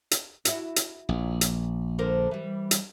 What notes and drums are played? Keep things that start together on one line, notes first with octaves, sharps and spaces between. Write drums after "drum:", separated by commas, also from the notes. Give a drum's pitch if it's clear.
drum: hi-hat
E4 F#4, drum: hi-hat
drum: hi-hat
A#1
drum: hi-hat
D3 A#4 C5
E3 G3
drum: hi-hat